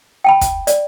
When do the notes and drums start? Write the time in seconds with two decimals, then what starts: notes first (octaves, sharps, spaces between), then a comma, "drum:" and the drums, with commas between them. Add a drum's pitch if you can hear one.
0.24 G5 A5 B5
0.41 drum: kick, hi-hat
0.67 D5, drum: hi-hat